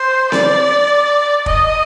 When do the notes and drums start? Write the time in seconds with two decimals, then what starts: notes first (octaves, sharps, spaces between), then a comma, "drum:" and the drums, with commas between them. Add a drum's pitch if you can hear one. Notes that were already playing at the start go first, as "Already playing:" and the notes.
Already playing: C5
0.32 D5, drum: snare C4
1.46 D#5, drum: kick